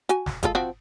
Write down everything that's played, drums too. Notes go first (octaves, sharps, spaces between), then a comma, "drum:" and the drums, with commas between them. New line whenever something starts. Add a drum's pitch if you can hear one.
F#4 G#5, drum: hi-hat
drum: snare
G#3 F4 A4, drum: kick G1, hi-hat
F3 C4 F#4